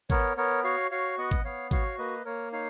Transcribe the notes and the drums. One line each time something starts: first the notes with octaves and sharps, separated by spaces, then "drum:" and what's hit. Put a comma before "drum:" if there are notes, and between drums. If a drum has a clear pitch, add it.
B3 A#4 C#5, drum: kick G#1
B3 A#4 C#5
F#4 C#5 F5
F#4 C#5 F5
B3 D#5 F#5
drum: kick G#1
B3 C#5 F5
F#4 C#5 F5, drum: kick G#1
A#3 B4 D#5
A#3 A#4 C#5
D#4 C#5 F5